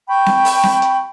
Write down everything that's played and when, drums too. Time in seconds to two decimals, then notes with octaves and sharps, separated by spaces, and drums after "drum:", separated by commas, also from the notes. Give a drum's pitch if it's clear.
0.08 G5 B5 C#6
0.26 drum: snare C4
0.45 drum: open hi-hat
0.63 drum: snare C4
0.82 drum: hi-hat